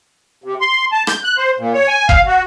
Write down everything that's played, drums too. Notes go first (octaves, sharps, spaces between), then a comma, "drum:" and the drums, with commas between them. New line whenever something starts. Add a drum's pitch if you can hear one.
C3
C6
A5
G6, drum: rim click
F#6
C5
A#2
C#5
G#5
F5, drum: kick F#1
F#4